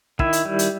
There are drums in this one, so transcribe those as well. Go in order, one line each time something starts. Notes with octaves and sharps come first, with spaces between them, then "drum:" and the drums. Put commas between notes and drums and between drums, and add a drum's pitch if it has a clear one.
D#3 E4, drum: kick
drum: hi-hat
G3
drum: hi-hat